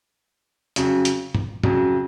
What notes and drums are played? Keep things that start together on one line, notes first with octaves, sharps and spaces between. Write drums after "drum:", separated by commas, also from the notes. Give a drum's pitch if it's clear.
F2 C#3 F#3, drum: hi-hat
drum: hi-hat
drum: tom
F2 C#3 F#3, drum: tom